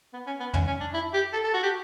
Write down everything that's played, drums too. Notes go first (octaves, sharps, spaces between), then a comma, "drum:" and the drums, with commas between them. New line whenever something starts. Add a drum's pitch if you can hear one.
B3
C#4
B3
C#4, drum: tom F2
C#4
D4
E4
G4
A4
A4
F#4
G4